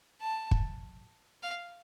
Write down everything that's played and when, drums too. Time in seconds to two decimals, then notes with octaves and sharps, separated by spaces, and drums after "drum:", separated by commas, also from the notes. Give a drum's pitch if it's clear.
0.21 A5
0.51 drum: kick
1.43 F5